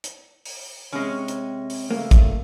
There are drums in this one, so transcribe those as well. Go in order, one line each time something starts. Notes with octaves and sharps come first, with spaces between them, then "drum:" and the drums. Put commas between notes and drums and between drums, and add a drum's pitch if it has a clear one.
drum: hi-hat
drum: open hi-hat
C3 G#3 C#4
drum: hi-hat
drum: open hi-hat
C#3 A3 A#3
drum: kick, hi-hat